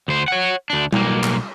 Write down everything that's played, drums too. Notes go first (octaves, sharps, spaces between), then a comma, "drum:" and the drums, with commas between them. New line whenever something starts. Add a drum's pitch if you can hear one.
D2 C5
C#5 F#5
D2 D4
B1 A#3, drum: tom G3
drum: clap